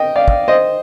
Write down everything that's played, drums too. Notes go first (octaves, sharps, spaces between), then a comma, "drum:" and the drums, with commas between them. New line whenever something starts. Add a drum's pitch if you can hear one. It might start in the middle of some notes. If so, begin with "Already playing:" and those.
Already playing: D#5 G5
D5 F5
drum: kick
C5 D#5